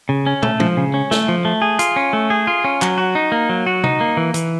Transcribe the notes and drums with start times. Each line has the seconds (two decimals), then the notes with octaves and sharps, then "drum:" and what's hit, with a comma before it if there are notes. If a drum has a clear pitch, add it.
0.09 C#3
0.26 C#4
0.43 A3, drum: tom
0.60 F3, drum: tom
0.77 C#3
0.94 C#4
1.11 A3, drum: snare
1.28 F3
1.45 A3
1.62 G#4
1.79 F4, drum: hi-hat
1.96 C#4
2.13 A3
2.30 G#4
2.47 F4
2.64 C#4
2.82 F#3, drum: clap
2.98 F#4
3.15 D#4
3.32 A#3
3.49 F#3
3.66 F#4
3.84 D#4, drum: tom C3
4.01 A#3
4.17 E3
4.34 E3, drum: hi-hat